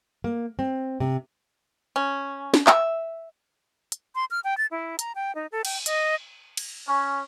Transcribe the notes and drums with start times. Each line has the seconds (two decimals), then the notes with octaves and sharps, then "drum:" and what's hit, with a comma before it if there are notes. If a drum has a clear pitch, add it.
0.24 A#3
0.59 C4
1.00 C3
1.96 C#4
2.54 drum: snare
2.67 E5, drum: clap
3.92 drum: hi-hat
4.15 C6
4.31 F6
4.44 G5
4.58 A6
4.71 E4
4.99 A#5, drum: hi-hat
5.15 G5
5.35 D#4
5.52 A4
5.65 G5, drum: cymbal
5.86 D#5, drum: hi-hat
6.57 drum: cymbal
6.88 C#4